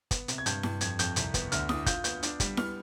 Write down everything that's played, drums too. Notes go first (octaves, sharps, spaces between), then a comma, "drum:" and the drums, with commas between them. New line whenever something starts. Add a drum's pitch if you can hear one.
B3, drum: kick G1, hi-hat
C3, drum: hi-hat
G#6
G2 G6, drum: hi-hat
G2, drum: snare E4
F2 G#6, drum: hi-hat
F2 G6, drum: hi-hat
C2, drum: hi-hat
B3, drum: kick G1, hi-hat
D2 F6, drum: hi-hat
D4 D#6, drum: snare E4
F4 G6, drum: kick G1, hi-hat
B3 G6, drum: hi-hat
D4, drum: hi-hat
G3, drum: kick G1, hi-hat
B3 F6, drum: snare E4